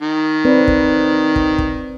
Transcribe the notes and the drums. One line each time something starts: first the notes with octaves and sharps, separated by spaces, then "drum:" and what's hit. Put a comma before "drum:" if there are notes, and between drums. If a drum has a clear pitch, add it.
D#3
C4 B4 D5
drum: kick
drum: kick
drum: kick